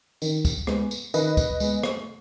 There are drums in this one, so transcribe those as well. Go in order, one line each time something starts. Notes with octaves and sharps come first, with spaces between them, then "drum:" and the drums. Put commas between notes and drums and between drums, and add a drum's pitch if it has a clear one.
D#3, drum: tambourine
drum: kick D2, tambourine
G#3 B3, drum: rim click
drum: tambourine
D#3 B4 D#5, drum: tambourine
drum: kick D2, tambourine
G#3 B3, drum: tambourine
drum: rim click